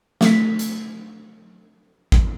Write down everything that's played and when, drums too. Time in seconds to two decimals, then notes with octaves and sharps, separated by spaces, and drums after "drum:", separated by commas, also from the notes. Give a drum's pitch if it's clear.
0.21 A3 B6, drum: snare
0.59 drum: hi-hat
2.12 drum: kick G#1